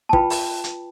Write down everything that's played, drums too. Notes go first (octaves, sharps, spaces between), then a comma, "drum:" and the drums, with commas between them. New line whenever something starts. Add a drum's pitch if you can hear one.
A5
F4 B4 G5 B5, drum: kick
drum: open hi-hat
drum: hi-hat